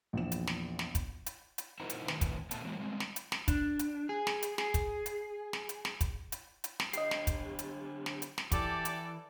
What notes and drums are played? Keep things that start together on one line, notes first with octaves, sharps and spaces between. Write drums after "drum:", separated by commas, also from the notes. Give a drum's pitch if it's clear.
A#1 E2 E7
drum: hi-hat
drum: snare
drum: snare
drum: kick, hi-hat
drum: hi-hat
drum: hi-hat
D#4 E4 F#4 A#4 C5
drum: hi-hat
A2 D#3 B4, drum: snare
drum: kick, hi-hat
A#2 A3 B3 A5, drum: hi-hat
E3 F#3 G#3 A#3
G3 G#3 C4
drum: snare
drum: hi-hat
drum: snare
D4, drum: kick, hi-hat
drum: hi-hat
G#4
drum: snare
drum: hi-hat
G#4, drum: snare
drum: kick, hi-hat
drum: hi-hat
drum: snare
drum: hi-hat
drum: snare
drum: kick, hi-hat
drum: hi-hat
drum: hi-hat
drum: snare
D3 G4 D#5 C7, drum: hi-hat
drum: snare
drum: kick, hi-hat
drum: hi-hat
drum: snare
drum: hi-hat
drum: snare
E3 G4 A4 D5, drum: kick, hi-hat
drum: hi-hat